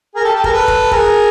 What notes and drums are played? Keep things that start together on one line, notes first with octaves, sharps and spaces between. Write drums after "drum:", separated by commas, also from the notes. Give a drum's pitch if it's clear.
G#4 A#4
G4 A4
G4 A4
G#4 A#4, drum: kick
A4 B4
drum: kick
G#4 A#4, drum: kick